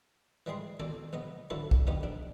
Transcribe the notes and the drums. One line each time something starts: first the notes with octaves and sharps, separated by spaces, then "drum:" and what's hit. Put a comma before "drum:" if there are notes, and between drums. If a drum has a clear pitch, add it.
E3 G3 G#3 G#4 C6
A4 D5, drum: tom D#3
A#1 B3 D#5
D3 F#3 E4 A4 B4
drum: kick
D3 B3 D#4 G4
A#1 D4